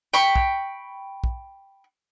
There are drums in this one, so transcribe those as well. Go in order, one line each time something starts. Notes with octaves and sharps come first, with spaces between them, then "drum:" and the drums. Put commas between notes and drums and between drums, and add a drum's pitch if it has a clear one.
G5 B5 C#6
drum: kick
drum: kick